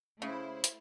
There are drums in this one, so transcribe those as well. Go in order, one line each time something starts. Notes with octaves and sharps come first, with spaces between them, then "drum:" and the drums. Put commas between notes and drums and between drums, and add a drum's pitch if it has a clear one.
C#3 A3 E4 C5
drum: hi-hat